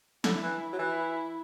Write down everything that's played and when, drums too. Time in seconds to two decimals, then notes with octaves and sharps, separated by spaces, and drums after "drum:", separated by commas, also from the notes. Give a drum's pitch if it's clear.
0.24 D3 E4, drum: snare
0.43 E3
0.73 F#3
0.79 E3 E4